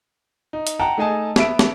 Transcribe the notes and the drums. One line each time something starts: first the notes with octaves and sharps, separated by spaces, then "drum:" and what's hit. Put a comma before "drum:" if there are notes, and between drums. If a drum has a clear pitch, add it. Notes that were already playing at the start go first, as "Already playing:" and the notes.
D#4
drum: hi-hat
F#5 G5 A5 A#5
A3 D#4 G#4 D#5 G#5 A5
B3 E5 D7, drum: snare
drum: snare